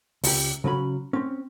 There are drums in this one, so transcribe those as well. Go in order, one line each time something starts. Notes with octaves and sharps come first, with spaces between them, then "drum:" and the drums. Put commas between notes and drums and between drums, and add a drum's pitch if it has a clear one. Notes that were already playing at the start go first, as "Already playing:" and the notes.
C#2 G4, drum: open hi-hat
C#3 F#3 C#4 B5
C4 C#4